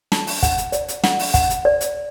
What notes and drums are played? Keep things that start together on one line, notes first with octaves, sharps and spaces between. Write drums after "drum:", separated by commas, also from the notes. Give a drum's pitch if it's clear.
A5, drum: snare
drum: open hi-hat
F#5, drum: kick, hi-hat
drum: hi-hat
D5, drum: hi-hat
drum: hi-hat
F#5, drum: snare
drum: open hi-hat
F#5, drum: kick, hi-hat
drum: hi-hat
D5
drum: hi-hat